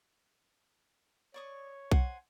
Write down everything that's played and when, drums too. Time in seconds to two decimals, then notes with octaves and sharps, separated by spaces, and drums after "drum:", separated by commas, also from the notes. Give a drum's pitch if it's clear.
1.34 C#5 D5 C#6 D#6
1.91 C5 F#5 G#5, drum: kick B1